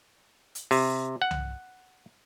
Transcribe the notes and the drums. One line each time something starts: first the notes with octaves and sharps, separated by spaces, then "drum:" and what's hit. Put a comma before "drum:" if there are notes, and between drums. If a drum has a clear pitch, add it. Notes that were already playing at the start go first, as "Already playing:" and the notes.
drum: hi-hat
C3, drum: open hi-hat
F#5
drum: tom C2